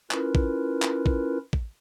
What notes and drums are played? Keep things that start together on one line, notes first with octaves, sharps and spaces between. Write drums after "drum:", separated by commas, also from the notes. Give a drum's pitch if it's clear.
C#4 E4 F4 A#4 B4, drum: clap
drum: kick A1
drum: clap
drum: kick A1
drum: kick A1